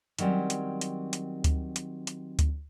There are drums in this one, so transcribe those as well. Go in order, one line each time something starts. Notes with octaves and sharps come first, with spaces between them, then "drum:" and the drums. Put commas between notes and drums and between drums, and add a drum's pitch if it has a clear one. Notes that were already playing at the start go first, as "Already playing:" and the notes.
D#3 F#3 G3 C4 C#4, drum: hi-hat
drum: hi-hat
drum: hi-hat
drum: hi-hat
drum: kick D2, hi-hat
drum: hi-hat
drum: hi-hat
drum: kick D2, hi-hat